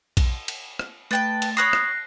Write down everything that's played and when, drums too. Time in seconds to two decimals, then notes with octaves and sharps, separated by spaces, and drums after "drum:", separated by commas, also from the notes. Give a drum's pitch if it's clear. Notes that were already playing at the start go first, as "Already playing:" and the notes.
0.17 drum: kick A#1, cymbal
0.48 drum: cymbal
0.79 drum: rim click
1.11 A3 B4 G5 A5 A6
1.42 drum: cymbal
1.57 C#5 B5 D#6 F#6 A#6 C7
1.73 drum: rim click